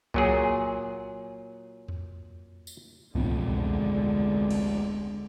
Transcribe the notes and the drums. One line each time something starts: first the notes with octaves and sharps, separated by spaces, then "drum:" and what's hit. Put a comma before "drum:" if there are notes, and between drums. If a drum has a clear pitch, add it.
A#2 F#3 G#4, drum: kick C2
drum: tom E2
drum: tambourine
D1 A1 F2 B2 D3 G#3 B3 D4, drum: kick C2
drum: kick C2
drum: cymbal